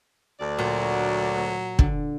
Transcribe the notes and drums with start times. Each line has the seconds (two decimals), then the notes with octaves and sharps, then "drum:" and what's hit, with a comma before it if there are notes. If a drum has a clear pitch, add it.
0.40 D2 D5
0.59 A#2 F#3
1.79 D3, drum: kick